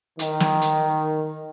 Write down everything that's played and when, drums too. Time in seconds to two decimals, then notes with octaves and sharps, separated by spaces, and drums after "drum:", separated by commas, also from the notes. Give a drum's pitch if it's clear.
0.19 D#3, drum: hi-hat
0.40 drum: snare
0.62 drum: hi-hat